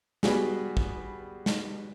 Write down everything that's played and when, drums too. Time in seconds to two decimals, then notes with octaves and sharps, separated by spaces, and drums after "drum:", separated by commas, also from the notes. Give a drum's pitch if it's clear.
0.23 G3 B3 F#4 G#4, drum: snare
0.77 drum: kick
1.46 drum: snare